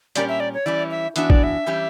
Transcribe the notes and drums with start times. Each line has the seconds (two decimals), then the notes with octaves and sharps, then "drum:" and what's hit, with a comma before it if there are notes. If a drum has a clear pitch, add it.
0.16 A#2 G3 C#4 G4 A#4 D5, drum: hi-hat
0.29 E5
0.40 D5
0.54 C#5
0.66 E3 G3 C#4 E4 D5
0.90 E5
1.16 E3 B3 D4 F#4 E5, drum: hi-hat
1.30 D5, drum: kick
1.43 E5
1.66 E3 G3 C#4 G4